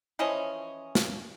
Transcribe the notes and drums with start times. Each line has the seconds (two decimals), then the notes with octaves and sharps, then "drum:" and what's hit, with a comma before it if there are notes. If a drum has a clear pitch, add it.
0.19 E3 F3 C#4 D#5
0.95 drum: snare